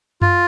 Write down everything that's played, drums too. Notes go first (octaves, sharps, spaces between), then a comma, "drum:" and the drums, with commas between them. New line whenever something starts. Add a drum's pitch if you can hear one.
F4, drum: tom F#2